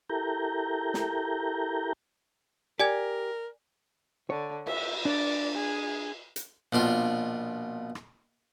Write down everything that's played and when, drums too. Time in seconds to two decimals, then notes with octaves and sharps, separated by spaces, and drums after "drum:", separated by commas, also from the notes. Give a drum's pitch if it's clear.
0.09 E4 G4 A4 A#4 A#5 G6
0.94 drum: snare
2.80 G4 A#4 D5 G#5 G#6
4.30 D3 C#5
4.67 E5, drum: cymbal
5.05 D4 D5
5.55 G#4
6.36 drum: hi-hat
6.73 A#1 B2 D4 F4
7.95 drum: rim click